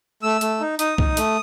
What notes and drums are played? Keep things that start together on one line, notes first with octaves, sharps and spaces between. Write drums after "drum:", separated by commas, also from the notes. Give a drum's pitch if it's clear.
A3 E6
A3, drum: hi-hat
D#4
D#4 D#6, drum: hi-hat
D#4, drum: kick C2
A3, drum: hi-hat